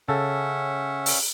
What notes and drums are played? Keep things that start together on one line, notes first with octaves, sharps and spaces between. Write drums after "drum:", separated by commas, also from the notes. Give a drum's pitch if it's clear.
C#3 C#4 A4 E5 F#5
drum: open hi-hat